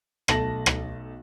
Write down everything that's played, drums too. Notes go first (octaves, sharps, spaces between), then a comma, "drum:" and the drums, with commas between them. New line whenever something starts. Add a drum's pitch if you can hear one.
B1 A3 A5 A#6 F#7, drum: rim click
drum: rim click